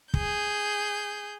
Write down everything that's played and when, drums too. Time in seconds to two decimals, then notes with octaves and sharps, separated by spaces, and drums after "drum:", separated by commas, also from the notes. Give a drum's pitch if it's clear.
0.14 G#4 G6, drum: kick